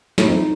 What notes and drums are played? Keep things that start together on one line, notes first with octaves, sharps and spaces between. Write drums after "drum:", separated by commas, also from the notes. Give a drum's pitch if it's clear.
A2 D#4, drum: snare
F2